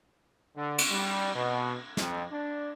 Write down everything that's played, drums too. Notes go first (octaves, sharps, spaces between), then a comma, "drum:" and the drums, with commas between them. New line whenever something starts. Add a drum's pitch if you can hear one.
D3
drum: cymbal
G3
B2
F2, drum: snare
D4